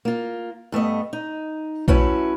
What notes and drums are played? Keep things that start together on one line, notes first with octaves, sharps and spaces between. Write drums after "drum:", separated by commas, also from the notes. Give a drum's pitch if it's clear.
A#3 F4
G2 A3 B3 D#5
D#4
A3 C#4 E4 F#4 B4 C#5, drum: kick A#1